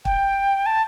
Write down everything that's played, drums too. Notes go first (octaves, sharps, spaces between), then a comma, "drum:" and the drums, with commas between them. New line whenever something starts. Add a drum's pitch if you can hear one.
G5, drum: kick
A5